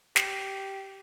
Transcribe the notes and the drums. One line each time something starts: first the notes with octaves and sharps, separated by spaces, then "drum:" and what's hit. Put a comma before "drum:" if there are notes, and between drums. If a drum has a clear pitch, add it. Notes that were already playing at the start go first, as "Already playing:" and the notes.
G4, drum: snare